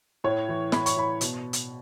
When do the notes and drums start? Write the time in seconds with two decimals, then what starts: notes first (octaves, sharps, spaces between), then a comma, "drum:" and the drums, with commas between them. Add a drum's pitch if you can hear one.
0.24 A2 C#5
0.49 E3
0.72 A2 B5, drum: snare
0.86 C#6, drum: hi-hat
0.97 E3 B5
1.21 B2, drum: hi-hat
1.53 drum: hi-hat